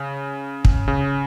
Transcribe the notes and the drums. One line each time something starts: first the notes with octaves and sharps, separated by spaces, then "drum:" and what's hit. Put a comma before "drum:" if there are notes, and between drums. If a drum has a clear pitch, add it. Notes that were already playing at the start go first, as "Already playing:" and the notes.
Already playing: C#3
drum: kick
C#3